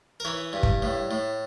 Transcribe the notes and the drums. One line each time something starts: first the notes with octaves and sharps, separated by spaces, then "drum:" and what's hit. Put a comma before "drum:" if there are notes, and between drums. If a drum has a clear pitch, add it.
A#4
E3 C#5
G2
drum: kick
A2
A2